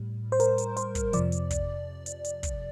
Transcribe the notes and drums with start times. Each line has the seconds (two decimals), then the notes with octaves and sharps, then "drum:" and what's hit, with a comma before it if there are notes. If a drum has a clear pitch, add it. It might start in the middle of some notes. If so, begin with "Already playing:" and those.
Already playing: A2 G3
0.32 C5
0.40 A#4, drum: hi-hat
0.58 drum: hi-hat
0.77 C5, drum: hi-hat
0.95 drum: kick, hi-hat
1.13 F2 C3 F3 D5, drum: hi-hat
1.32 drum: hi-hat
1.51 drum: kick, hi-hat
2.06 drum: hi-hat
2.24 drum: hi-hat
2.43 drum: kick, hi-hat